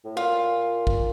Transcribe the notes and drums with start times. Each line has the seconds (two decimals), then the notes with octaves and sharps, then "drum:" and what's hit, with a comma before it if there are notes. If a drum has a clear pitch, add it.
0.05 A2
0.17 A#2 F4
0.87 drum: kick